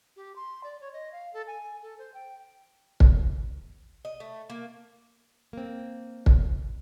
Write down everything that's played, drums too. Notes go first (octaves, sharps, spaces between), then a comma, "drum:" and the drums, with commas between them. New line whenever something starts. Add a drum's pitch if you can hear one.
G4
C6
D5
C#5
D#5
F5
A4
G#5
A4
C5
G5
drum: kick
D#5
A3
A#3
A#3 C4
drum: kick